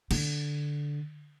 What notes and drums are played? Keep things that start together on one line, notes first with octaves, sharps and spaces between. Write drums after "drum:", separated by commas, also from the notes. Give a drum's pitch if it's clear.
D3, drum: cymbal